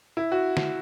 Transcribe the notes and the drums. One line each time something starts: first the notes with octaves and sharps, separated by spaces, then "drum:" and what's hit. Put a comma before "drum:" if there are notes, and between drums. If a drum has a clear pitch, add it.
E4
F#4
drum: snare